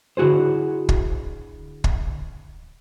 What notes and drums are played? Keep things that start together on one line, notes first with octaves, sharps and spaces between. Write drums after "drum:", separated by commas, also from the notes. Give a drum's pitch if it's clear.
D3 E4 F#4 G#4 C5
drum: kick
drum: kick